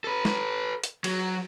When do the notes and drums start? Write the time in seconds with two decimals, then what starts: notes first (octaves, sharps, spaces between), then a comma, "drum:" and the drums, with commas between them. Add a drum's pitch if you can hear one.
0.04 A4 B4
0.25 drum: snare
0.84 drum: hi-hat
1.04 F#3, drum: cymbal